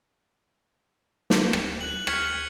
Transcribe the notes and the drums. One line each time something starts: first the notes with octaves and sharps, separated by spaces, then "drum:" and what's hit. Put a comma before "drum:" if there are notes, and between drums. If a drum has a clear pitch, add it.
drum: snare
drum: rim click
F#6 F#7
C#6 F6 G#6 B6 C#7, drum: rim click